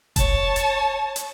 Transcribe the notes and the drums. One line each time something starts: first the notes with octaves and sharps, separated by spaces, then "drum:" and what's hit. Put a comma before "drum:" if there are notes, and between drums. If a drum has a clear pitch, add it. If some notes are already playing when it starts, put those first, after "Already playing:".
C#5 A5, drum: kick F1, hi-hat
drum: hi-hat
drum: hi-hat